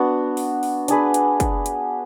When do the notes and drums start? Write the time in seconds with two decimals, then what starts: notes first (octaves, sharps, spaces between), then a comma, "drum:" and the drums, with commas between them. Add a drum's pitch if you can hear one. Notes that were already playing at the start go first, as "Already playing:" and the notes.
Already playing: B3 D4 F#4
0.37 drum: open hi-hat
0.63 drum: open hi-hat
0.88 D4 G#4 B4, drum: hi-hat
1.14 drum: hi-hat
1.40 drum: kick, hi-hat
1.66 drum: hi-hat